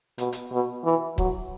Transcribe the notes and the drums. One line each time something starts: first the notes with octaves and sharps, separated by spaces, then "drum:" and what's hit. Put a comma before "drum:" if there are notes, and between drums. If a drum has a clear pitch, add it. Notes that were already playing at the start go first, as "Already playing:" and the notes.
B2, drum: hi-hat
drum: hi-hat
B2
E3
F#3, drum: kick